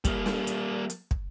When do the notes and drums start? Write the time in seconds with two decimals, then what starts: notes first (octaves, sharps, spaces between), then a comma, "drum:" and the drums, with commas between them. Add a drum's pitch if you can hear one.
0.05 G3 A#3, drum: kick, hi-hat
0.26 drum: snare
0.47 drum: hi-hat
0.90 drum: hi-hat
1.11 drum: kick